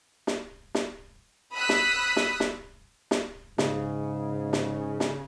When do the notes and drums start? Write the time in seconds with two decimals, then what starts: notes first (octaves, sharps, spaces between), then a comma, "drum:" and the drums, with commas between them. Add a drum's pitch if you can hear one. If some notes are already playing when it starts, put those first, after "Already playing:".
0.27 drum: snare
0.75 drum: snare
1.54 B5 D#6 E6 F#6 B6
1.69 drum: snare
2.16 drum: snare
2.40 drum: snare
3.11 drum: snare
3.58 G#2 C#3, drum: snare
4.53 drum: snare
5.00 drum: snare